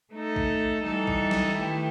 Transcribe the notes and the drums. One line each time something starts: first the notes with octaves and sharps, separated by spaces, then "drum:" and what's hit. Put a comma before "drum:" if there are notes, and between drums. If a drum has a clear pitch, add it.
A3 D#4 A4
drum: kick A#1
E3 G3 D#4 A4
drum: kick A#1
drum: snare
D#3 A3 E4 G4 B4